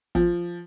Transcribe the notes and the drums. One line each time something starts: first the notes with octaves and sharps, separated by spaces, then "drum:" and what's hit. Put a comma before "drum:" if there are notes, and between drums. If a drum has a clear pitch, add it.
F3, drum: kick G1